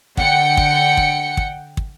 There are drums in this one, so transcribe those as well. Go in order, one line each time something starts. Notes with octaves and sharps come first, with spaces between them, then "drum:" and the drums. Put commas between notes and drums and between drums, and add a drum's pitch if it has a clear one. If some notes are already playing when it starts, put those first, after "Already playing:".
D3 F#5 G5 C#7, drum: kick
drum: kick
drum: kick
drum: kick
drum: kick